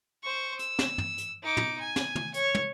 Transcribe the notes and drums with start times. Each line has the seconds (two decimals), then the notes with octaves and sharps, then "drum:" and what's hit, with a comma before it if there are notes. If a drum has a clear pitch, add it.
0.23 C5 C#6
0.59 E6, drum: hi-hat
0.79 drum: snare
0.98 drum: tom
1.18 drum: hi-hat
1.43 D#4 D6
1.57 drum: tom
1.80 G#5
1.96 drum: snare
2.15 drum: tom
2.34 C#5, drum: hi-hat
2.55 drum: tom